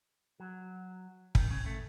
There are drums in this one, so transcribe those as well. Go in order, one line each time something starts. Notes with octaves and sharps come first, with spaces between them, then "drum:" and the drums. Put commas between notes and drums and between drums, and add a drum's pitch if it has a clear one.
F#3
D#3, drum: kick
C#3
A3